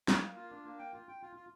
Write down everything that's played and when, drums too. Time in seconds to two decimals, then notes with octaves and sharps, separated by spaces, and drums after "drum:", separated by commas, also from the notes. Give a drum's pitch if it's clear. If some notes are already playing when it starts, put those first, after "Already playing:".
0.08 A#3, drum: snare
0.22 A#3
0.36 F4
0.50 D4
0.65 A#3
0.78 G5
0.93 F4
1.08 G5
1.22 F4
1.36 F4